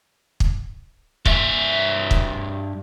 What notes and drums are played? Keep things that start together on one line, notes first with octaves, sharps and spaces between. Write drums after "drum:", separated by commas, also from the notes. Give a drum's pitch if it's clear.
drum: kick
G2 E5, drum: kick
drum: kick